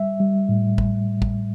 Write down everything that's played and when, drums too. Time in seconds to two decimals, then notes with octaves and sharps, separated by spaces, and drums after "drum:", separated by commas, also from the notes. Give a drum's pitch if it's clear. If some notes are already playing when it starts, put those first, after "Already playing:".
Already playing: G3 E5
0.20 G3
0.49 A2
0.78 drum: kick
1.22 drum: kick